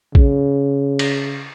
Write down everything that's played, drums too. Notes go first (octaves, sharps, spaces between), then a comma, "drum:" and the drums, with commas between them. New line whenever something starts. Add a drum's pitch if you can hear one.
C#3, drum: kick
drum: cymbal